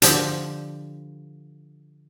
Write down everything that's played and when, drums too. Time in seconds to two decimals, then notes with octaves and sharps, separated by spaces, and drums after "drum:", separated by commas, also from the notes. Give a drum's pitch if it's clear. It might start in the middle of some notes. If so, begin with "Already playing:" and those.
0.02 D3 F3 G4, drum: hi-hat